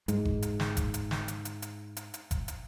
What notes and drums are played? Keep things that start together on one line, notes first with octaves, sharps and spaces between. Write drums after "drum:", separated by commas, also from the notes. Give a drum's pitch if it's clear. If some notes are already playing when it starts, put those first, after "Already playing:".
G#2 G#3, drum: hi-hat
drum: kick F#1
drum: hi-hat
drum: snare
drum: kick F#1, hi-hat
drum: hi-hat
drum: snare
drum: hi-hat
drum: hi-hat
drum: hi-hat
drum: hi-hat
drum: hi-hat
drum: kick F#1, hi-hat
drum: hi-hat